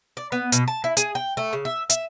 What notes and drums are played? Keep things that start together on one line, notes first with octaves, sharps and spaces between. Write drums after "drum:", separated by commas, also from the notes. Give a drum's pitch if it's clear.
D5
B3
B2, drum: hi-hat
A5
E4
G#4, drum: hi-hat
G5
A3
C#3
E5
E5, drum: hi-hat